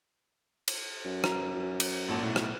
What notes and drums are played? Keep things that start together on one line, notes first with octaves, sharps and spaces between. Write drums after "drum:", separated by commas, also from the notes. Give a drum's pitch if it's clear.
drum: cymbal
F#2
A#5, drum: rim click
drum: cymbal
G#1 A#2 A5
B1 A2
drum: rim click